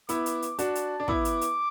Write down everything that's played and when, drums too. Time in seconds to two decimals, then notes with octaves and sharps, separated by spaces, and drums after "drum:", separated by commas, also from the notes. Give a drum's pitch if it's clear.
0.09 B3 E4 D6, drum: hi-hat
0.26 drum: hi-hat
0.42 drum: hi-hat
0.59 D4 F#4 A5, drum: hi-hat
0.75 drum: hi-hat
1.00 D4
1.08 B3 E4 D6, drum: kick
1.25 drum: hi-hat
1.41 drum: hi-hat